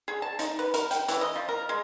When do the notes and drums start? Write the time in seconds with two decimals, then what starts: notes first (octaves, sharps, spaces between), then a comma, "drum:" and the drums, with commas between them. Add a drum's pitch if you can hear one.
0.08 G#4
0.22 A5
0.39 D#4, drum: hi-hat
0.59 B4
0.74 A#4, drum: hi-hat
0.91 G5, drum: hi-hat
1.08 E3, drum: hi-hat
1.21 D#5
1.36 F3
1.49 A#4
1.69 G#3